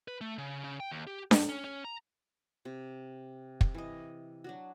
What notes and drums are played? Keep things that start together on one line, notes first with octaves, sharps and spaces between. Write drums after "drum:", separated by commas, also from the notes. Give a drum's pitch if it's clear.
B4
A3
C#3
C#3
G5
D#2
G4
G2, drum: snare D4
C#4
C#4
A#5
C3
drum: kick
E3 D#5
F#3 D4 F#4